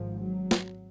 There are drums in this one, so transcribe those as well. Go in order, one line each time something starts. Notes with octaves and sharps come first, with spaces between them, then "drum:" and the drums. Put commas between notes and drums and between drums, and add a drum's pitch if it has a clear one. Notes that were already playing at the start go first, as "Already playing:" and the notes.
Already playing: G#1 G#2 F3
F#3
drum: snare